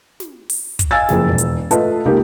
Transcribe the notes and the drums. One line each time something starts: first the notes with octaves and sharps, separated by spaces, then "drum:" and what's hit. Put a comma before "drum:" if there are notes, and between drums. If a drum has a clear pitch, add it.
drum: snare
drum: open hi-hat
drum: kick, hi-hat
D#5 F5 G#5 E6 A6
F#1 F2 G#4, drum: snare
E1
drum: hi-hat
A3 F4 B4 D#5 A5, drum: hi-hat
C#2 A#3 D#4 G4 A#4